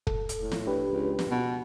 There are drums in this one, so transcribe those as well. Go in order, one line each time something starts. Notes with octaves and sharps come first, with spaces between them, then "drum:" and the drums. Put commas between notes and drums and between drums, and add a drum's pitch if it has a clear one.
A4, drum: kick
drum: hi-hat
A2
drum: snare
D4 G4 B4
C#2
drum: snare
B2